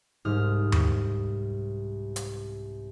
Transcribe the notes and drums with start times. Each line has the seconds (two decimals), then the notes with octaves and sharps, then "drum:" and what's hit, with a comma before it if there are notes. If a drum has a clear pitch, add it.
0.25 C2 G#2 D#6 F6
0.72 drum: tom D#2
2.16 drum: hi-hat